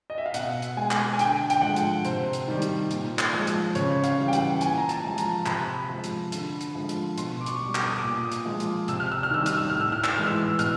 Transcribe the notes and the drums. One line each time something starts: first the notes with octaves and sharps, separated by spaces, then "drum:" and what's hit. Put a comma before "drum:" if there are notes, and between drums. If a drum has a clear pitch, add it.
D#5
E5
F5
B2 F#5, drum: hi-hat
drum: hi-hat
G#3 G#5
drum: clap
G#5
D3 G5, drum: hi-hat
G5, drum: hi-hat
F3 G#3 F#5
drum: hi-hat
C3 C5, drum: hi-hat
drum: hi-hat
D#3 G3
drum: hi-hat
A#2, drum: hi-hat
drum: clap
F3 G#3
drum: hi-hat
C#3 C#5, drum: hi-hat
F5, drum: hi-hat
E3 G3
G5
F#5, drum: hi-hat
A#2 G#5, drum: hi-hat
A#5
A5, drum: hi-hat
F3 G#3
A#5, drum: hi-hat
C3 B5, drum: clap
F3 G#3
drum: hi-hat
D3, drum: hi-hat
drum: hi-hat
F3 G#3
drum: hi-hat
B2 C6, drum: hi-hat
D6
C#6, drum: hi-hat
G3
D6, drum: clap
D#6
A#2 D6
drum: hi-hat
F3 G#3
drum: hi-hat
C3 E6, drum: hi-hat
F6
E6
F6
D#3 G3 E6
F6, drum: hi-hat
E6
A2 F6
E6
F6
E6, drum: clap
E3 G#3 F6
E6
B2 F6, drum: hi-hat